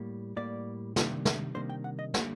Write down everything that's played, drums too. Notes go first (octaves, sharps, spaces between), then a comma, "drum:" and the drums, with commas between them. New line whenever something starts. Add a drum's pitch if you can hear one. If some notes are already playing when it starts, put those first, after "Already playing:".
Already playing: A2 G3 A#3
A2 G3 A#3 D5
C3 D#3 G3 A#3 D4, drum: snare
drum: snare
C3 D#3 G3 A#3 D4 C5
G5
F#5
D#5
D3 G3 A#3 F#5, drum: snare